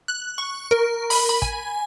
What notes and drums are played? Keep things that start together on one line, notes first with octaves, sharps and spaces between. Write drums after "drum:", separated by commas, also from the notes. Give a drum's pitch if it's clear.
F#6
C#6
A#4
B5, drum: open hi-hat
B5
G#5, drum: kick